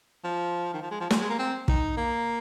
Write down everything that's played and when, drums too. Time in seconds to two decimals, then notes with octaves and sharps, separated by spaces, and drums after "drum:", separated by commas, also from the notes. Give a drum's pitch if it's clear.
0.24 F3
0.74 D#3
0.82 F3
0.91 G#3
1.01 F3
1.10 G#3, drum: snare
1.21 G#3
1.30 A#3
1.39 C4
1.68 D#4, drum: kick
1.97 A#3